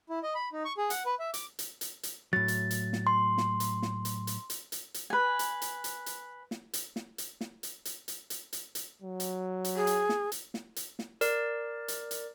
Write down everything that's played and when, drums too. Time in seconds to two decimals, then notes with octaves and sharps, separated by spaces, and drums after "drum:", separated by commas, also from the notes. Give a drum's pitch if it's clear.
0.09 E4
0.23 D#5
0.35 B5
0.53 D#4
0.65 C#6
0.77 G#4
0.90 F#5, drum: hi-hat
1.06 B4
1.19 E5
1.34 D6, drum: hi-hat
1.59 drum: hi-hat
1.81 drum: hi-hat
2.03 drum: hi-hat
2.33 A2 F#3 A6
2.48 drum: hi-hat
2.71 drum: hi-hat
2.93 drum: snare
3.07 C6
3.38 drum: snare
3.60 drum: hi-hat
3.82 drum: snare
4.05 drum: hi-hat
4.27 drum: hi-hat
4.50 drum: hi-hat
4.72 drum: hi-hat
4.94 drum: hi-hat
5.10 B4 G#5
5.39 drum: hi-hat
5.62 drum: hi-hat
5.84 drum: hi-hat
6.06 drum: hi-hat
6.51 drum: snare
6.73 drum: hi-hat
6.96 drum: snare
7.18 drum: hi-hat
7.41 drum: snare
7.63 drum: hi-hat
7.85 drum: hi-hat
8.08 drum: hi-hat
8.30 drum: hi-hat
8.53 drum: hi-hat
8.75 drum: hi-hat
9.02 F#3
9.20 drum: hi-hat
9.64 drum: hi-hat
9.76 G#4
9.87 drum: hi-hat
10.09 drum: snare
10.32 drum: hi-hat
10.54 drum: snare
10.76 drum: hi-hat
10.99 drum: snare
11.21 A#4 D5, drum: hi-hat
11.88 drum: hi-hat
12.11 drum: hi-hat